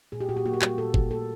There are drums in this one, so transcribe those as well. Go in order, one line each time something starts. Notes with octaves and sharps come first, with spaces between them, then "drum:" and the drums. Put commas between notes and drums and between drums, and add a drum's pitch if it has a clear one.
A#2 G#4
G4
A#2 F#4
G4
A#3 F#4
G4
G3 F#4, drum: clap
A#2 A4
A#2, drum: kick
A#3 A4